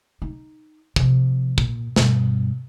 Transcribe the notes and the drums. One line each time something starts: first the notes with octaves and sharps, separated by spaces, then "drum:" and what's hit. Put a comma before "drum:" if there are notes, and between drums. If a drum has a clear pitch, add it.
D#4
C3 F3, drum: kick
A#2, drum: kick
G2 B2, drum: snare